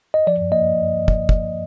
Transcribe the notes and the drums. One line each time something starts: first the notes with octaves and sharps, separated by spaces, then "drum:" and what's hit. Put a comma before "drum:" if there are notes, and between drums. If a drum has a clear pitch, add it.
D#5
F3 D5
A#3 D#5
drum: kick
drum: kick